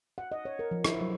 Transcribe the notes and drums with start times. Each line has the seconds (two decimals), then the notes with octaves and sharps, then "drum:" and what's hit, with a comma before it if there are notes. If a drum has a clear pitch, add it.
0.18 F#5
0.32 D#5
0.45 C#5
0.59 A#4
0.71 F3
0.84 E4, drum: rim click
1.01 F#3